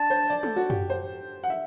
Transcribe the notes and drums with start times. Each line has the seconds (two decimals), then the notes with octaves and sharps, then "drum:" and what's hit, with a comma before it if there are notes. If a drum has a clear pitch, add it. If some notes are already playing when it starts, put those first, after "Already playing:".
Already playing: D4 A5
0.10 C5
0.30 D5
0.43 A4, drum: tom G#3
0.56 F#4
0.70 G4, drum: tom F#2
0.90 C5
1.43 F#5
1.50 E5